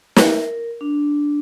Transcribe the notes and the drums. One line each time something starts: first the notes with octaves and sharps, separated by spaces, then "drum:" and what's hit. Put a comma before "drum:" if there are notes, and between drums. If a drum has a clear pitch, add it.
A#4, drum: snare
D4